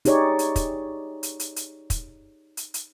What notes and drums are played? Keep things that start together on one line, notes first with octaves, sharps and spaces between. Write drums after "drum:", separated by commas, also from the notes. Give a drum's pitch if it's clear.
D#4 G4 G#4 C#5 D5, drum: hi-hat
drum: hi-hat
drum: kick, hi-hat
drum: hi-hat
drum: hi-hat
drum: hi-hat
drum: kick, hi-hat
drum: hi-hat
drum: hi-hat